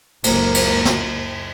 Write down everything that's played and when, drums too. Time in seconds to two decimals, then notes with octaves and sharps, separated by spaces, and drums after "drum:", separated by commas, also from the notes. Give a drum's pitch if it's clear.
0.24 F#1 C#2 A#3, drum: cymbal
0.54 drum: cymbal
0.85 drum: snare